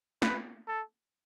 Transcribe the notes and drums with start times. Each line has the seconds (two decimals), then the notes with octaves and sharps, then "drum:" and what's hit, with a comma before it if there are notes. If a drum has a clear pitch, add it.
0.22 B4, drum: snare
0.68 A4